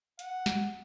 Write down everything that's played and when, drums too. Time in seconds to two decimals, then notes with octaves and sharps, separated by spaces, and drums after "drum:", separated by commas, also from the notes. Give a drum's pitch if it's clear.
0.19 F#5, drum: hi-hat
0.46 drum: snare